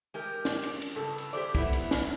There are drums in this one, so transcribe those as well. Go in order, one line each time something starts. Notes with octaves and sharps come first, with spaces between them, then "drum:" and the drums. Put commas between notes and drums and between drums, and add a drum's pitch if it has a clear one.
G#3 G4 A#4
drum: snare
drum: cymbal
drum: cymbal
G2 C#3 A4
drum: cymbal
G4 G#4 C5 D5
B3 E4, drum: kick, cymbal
drum: cymbal
drum: snare